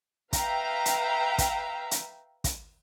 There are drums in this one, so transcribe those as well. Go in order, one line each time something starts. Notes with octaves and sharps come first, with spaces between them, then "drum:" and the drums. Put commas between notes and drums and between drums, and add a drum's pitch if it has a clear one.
B4 E5 F5 G5 A#5, drum: kick, hi-hat
drum: hi-hat
drum: kick, hi-hat
drum: hi-hat
drum: kick, hi-hat